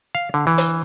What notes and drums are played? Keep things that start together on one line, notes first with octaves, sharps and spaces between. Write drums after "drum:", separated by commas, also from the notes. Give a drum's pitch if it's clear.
F5
D3
E3
drum: hi-hat